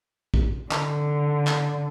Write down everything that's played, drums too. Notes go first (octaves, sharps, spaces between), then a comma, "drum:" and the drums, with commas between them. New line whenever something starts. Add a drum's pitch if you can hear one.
drum: kick
D3, drum: clap
drum: clap